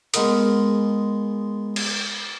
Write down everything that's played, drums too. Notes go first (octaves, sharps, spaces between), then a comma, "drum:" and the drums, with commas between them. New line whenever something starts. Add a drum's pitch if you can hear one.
G#3 B3 D#4 A#4 D#6, drum: hi-hat
drum: cymbal